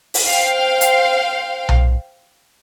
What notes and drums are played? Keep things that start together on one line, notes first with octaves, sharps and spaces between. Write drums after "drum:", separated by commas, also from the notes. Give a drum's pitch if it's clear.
drum: open hi-hat
C5 F5 G5
drum: hi-hat
drum: tom B1